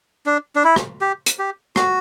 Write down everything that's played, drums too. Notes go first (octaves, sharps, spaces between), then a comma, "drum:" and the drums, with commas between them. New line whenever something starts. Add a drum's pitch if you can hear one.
D4
D4
E4
drum: rim click
G4
drum: hi-hat
G4
F#4, drum: rim click